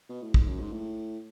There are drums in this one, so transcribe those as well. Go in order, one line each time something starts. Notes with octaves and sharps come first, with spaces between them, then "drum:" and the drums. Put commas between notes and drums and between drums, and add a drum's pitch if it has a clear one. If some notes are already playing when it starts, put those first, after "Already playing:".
B2
A2
G#2, drum: kick
F#2
G#2
A2